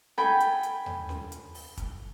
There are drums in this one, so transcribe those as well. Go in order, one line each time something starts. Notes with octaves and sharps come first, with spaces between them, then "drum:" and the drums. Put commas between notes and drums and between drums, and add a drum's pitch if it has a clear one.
A4 G5 G#5 B5, drum: snare C#4
drum: hi-hat
drum: hi-hat
drum: tom D#2
drum: snare C#4
drum: hi-hat
drum: open hi-hat
drum: kick, hi-hat